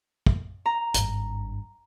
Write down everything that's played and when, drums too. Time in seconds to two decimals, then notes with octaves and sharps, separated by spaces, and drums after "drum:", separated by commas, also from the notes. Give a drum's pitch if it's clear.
0.26 drum: kick
0.66 A#5
0.94 G#1 G2, drum: hi-hat